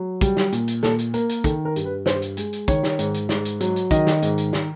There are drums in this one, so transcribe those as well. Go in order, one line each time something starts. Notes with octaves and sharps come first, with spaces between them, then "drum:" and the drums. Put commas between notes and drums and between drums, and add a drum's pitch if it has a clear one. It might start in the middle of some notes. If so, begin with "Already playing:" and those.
Already playing: F#3
G3, drum: kick, hi-hat
drum: snare
A#2, drum: hi-hat
drum: hi-hat
A#2 A4, drum: snare
drum: hi-hat
A#3 A#4, drum: hi-hat
drum: hi-hat
D#3 A4, drum: kick, hi-hat
A#4
G2, drum: hi-hat
B4
G2 C5, drum: snare
drum: hi-hat
G#3, drum: hi-hat
drum: hi-hat
D#3 C#5, drum: kick, hi-hat
drum: snare
G#2, drum: hi-hat
drum: hi-hat
G#2, drum: snare
drum: hi-hat
F#3, drum: hi-hat
drum: hi-hat
D#3 D#5, drum: kick, hi-hat
drum: snare
G#2, drum: hi-hat
drum: hi-hat
drum: snare